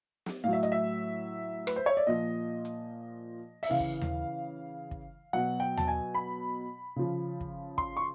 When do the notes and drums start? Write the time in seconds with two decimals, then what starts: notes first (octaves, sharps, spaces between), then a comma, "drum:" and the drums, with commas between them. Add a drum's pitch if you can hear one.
0.26 drum: snare
0.44 A2 F#3 F5
0.53 E5
0.63 D#5, drum: hi-hat
0.72 E5
1.67 B4, drum: rim click
1.76 C5
1.86 C#5
1.97 D5
2.07 A#2 F3 D#5
2.65 drum: hi-hat
3.63 E5, drum: open hi-hat
3.69 C#3 E3 F5
3.80 drum: kick
4.01 drum: tom D#2
4.91 drum: kick
5.33 B2 F#3 F#5
5.60 G5
5.77 A5, drum: tom D#2
5.88 G#5
6.15 B5
6.96 C#3 F3
7.41 drum: kick
7.78 C6, drum: kick
7.97 C#6